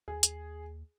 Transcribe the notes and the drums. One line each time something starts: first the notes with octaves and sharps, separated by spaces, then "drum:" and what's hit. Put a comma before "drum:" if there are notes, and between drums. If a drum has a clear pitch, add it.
D#2 G#4
drum: hi-hat